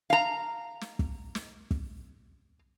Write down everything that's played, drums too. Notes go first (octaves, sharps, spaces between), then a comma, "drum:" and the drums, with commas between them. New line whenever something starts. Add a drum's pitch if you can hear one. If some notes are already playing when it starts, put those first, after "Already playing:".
F5 A#5
drum: snare
drum: kick
drum: snare
drum: kick